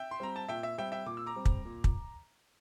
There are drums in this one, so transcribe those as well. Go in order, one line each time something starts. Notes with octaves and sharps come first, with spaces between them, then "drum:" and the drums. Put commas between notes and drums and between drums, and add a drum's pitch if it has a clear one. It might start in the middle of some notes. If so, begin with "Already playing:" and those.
Already playing: E5 G5
C6
G3 C4 A#5
A5
A#2 E5 G5
E5
G3 C4 E5 G5
E5 G5
A#2 D6
E6
A#5 D6
G3 C4
drum: kick
A#2
drum: kick